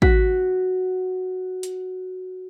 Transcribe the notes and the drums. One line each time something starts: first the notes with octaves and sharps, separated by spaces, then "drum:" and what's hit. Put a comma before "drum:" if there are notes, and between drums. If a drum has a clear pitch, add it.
F#4 B6, drum: kick
drum: hi-hat